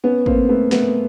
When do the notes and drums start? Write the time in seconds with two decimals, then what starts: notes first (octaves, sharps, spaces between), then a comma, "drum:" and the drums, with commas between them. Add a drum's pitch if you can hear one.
0.04 B3 C#4
0.26 A#3 C4, drum: kick G#1
0.49 A3 B3
0.71 A3 B3, drum: snare